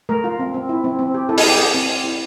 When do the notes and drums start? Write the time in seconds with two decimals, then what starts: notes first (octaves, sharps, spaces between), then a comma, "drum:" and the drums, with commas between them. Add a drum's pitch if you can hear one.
0.09 A3 A#4
0.24 F4
0.39 C4
0.54 C4
0.69 E4
0.84 C4
0.99 C4
1.14 G4
1.29 E4 A4
1.38 G#4, drum: open hi-hat
1.45 E4 G4
1.55 C4 G#4
1.74 C4
1.89 G4
2.04 E4